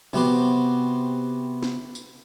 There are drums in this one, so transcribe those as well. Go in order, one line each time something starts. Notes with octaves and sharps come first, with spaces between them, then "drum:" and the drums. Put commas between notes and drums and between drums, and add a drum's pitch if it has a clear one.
C3 B3 F#4 G4 C6, drum: tom E3
drum: snare
drum: tambourine